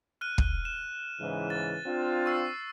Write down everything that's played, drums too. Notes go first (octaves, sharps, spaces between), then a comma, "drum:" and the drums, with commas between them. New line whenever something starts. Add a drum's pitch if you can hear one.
F6 F#6 D#7
drum: kick
E7
G#2 C#3 E3
A6
C4 D4 F4
C#6 E6 C7